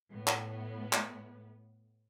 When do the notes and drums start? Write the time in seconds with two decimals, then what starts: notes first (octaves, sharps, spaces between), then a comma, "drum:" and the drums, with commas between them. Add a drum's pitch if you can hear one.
0.11 A2 B3
0.27 drum: clap
0.93 drum: clap